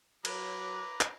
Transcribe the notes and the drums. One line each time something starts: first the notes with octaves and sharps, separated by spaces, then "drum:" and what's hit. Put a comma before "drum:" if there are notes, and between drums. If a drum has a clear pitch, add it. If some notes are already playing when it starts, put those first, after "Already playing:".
F#3 B4 A#5 D6, drum: cymbal
drum: clap